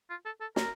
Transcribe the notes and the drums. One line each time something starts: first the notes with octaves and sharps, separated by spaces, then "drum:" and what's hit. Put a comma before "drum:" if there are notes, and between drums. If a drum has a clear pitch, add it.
F4
A4
A4
A#4, drum: snare